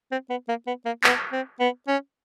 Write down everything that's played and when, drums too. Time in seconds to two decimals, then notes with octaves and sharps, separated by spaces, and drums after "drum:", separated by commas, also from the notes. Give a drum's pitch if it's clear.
0.11 C4
0.30 B3
0.48 A#3
0.67 B3
0.86 A#3
1.04 B3, drum: clap
1.32 C4
1.60 B3
1.88 C#4